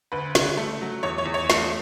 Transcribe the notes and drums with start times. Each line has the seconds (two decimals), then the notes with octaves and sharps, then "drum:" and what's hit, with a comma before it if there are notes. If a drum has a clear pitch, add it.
0.12 D2 B4
0.35 C#3, drum: snare
0.57 A3
0.81 F#3
1.03 E2 C#5
1.18 C#5
1.26 E2
1.34 C#5
1.50 A3, drum: snare